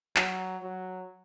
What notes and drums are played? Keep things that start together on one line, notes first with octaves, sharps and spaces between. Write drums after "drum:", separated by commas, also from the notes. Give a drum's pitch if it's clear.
F#3, drum: clap
F#3